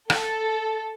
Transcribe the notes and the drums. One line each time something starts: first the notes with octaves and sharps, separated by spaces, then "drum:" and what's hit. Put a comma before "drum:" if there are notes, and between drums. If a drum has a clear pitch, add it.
A4, drum: rim click